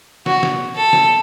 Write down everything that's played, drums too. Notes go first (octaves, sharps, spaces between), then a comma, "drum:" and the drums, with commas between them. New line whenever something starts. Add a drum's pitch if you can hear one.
F#4, drum: snare
drum: snare
A4
drum: snare